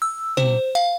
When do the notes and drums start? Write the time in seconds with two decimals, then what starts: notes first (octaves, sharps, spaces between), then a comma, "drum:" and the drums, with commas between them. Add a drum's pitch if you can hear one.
0.02 E6
0.37 C5, drum: tom
0.75 F5